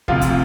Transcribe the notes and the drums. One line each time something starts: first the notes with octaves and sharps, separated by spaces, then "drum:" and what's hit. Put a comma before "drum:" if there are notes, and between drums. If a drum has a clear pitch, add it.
D2 C3 F3 F4, drum: kick
drum: kick, hi-hat